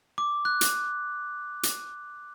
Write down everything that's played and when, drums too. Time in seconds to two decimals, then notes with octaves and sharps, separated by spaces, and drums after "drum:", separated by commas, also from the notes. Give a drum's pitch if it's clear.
0.18 D6
0.45 F#6
0.61 drum: hi-hat
1.63 drum: hi-hat